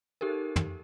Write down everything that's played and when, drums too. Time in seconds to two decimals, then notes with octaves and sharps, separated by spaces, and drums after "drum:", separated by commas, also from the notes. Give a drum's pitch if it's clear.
0.21 D#4 G4 A4 A#4
0.56 drum: tom